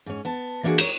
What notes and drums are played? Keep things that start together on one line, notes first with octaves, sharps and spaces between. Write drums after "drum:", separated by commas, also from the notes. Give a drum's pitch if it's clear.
G#2 C#4
B3 A5
E3 A#3 D4 D#4 F#4 G#4
A#4 C#5, drum: cymbal